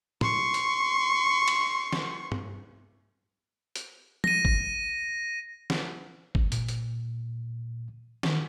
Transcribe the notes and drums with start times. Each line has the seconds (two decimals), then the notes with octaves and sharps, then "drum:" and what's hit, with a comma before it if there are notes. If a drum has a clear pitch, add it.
0.21 C6 C#6, drum: tom
0.54 drum: hi-hat
1.48 drum: cymbal
1.93 drum: snare
2.32 drum: tom G2
3.76 drum: hi-hat
4.24 A#6 D#7, drum: tom F3
4.45 drum: kick G1
5.70 drum: snare
6.35 drum: kick G1
6.52 A#2, drum: hi-hat
6.69 drum: hi-hat
8.23 D#3, drum: snare